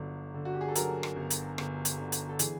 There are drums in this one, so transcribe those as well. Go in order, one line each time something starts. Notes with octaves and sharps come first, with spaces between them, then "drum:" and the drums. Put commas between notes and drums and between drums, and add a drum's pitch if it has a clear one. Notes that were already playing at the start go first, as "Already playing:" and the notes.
Already playing: G1 D3 F#3
D3
F#4
G4
G#4
A4
F#3 A#4, drum: hi-hat
drum: rim click
G1
drum: hi-hat
G1, drum: rim click
drum: hi-hat
D3
drum: hi-hat
A4
E3 G#4, drum: hi-hat